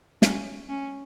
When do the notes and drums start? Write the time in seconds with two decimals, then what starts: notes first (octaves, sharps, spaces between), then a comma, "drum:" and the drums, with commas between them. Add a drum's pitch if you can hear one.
0.22 C#4, drum: snare
0.69 C#4